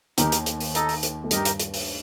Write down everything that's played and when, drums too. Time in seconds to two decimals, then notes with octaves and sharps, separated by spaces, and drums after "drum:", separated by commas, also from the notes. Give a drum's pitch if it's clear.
0.18 D#2 D#3 D#4 G4 A#4, drum: hi-hat
0.32 drum: hi-hat
0.46 drum: hi-hat
0.60 drum: open hi-hat
0.75 D#4 A4 D#5, drum: hi-hat
0.89 drum: open hi-hat
1.03 drum: hi-hat
1.24 A3
1.31 G2 G3 D#4 G4 A#4 D#5, drum: hi-hat
1.45 drum: hi-hat
1.60 drum: hi-hat
1.74 drum: open hi-hat